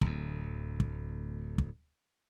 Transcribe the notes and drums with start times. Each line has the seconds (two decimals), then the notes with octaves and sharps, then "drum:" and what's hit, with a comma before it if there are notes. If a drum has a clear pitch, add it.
0.01 D1 D2, drum: kick
0.80 drum: kick
1.58 drum: kick